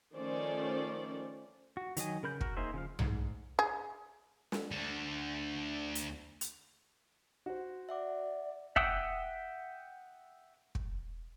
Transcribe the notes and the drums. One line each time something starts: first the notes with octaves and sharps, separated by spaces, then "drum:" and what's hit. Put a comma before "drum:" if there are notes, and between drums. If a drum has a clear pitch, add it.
D#3 F3 A3 C#4 C5 D5
F#4
D#3 F#3 D#5 G#5, drum: hi-hat
C#3 A#4 B5 G6
F#4 A#4, drum: kick
A#3 D#4 G#4 C5 E5
C#3 F3 F5
G#2, drum: tom B1
G#4
drum: snare
D2 D3
drum: hi-hat
drum: hi-hat
F#4 C5
D5 E5 F#5 D6
E5 F#5 G5 D#6 E6, drum: kick
drum: kick